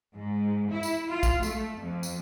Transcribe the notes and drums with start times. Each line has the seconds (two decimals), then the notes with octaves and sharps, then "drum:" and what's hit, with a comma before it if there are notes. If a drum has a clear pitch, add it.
0.15 G#2
0.69 E4
0.83 drum: tambourine
1.09 F4
1.23 drum: kick A#1, tambourine
1.43 A3, drum: tambourine
1.79 F2
2.03 drum: tambourine